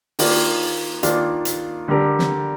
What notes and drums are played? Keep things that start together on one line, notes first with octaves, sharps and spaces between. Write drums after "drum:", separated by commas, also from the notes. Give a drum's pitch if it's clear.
D#3 A#3 D4 F4, drum: open hi-hat
D#3 A#3 D4 F4, drum: hi-hat
drum: hi-hat
D3 G3 D4 G4 A#4
drum: snare